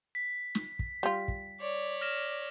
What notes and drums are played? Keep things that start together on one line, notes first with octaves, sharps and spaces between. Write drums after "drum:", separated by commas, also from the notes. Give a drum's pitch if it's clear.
B6
drum: snare
drum: kick
G3 F4
drum: kick
C#5 D5
F6 A#6 E7